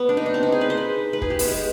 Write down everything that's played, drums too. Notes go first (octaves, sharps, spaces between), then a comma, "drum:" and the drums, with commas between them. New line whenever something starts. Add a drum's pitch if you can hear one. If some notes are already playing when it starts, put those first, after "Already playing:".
Already playing: B3
D4
D#4
D4
C4
D#4
G#4
B4
C5
B4
B4
G#4, drum: kick
G4
B3, drum: open hi-hat
G#3